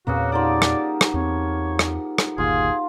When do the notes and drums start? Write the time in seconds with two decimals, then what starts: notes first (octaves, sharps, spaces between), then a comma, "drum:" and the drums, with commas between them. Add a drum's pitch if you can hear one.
0.07 E2 A#2 A#3 C4 C#4 F#4 G#4 B4
0.32 F3 D#4 G4 A#4 D5 F#5 D6
0.62 drum: rim click
1.01 drum: rim click
1.14 E2 C4 C#5
1.79 drum: rim click
2.18 drum: rim click
2.38 G1 D#2 A#2 F4 G#4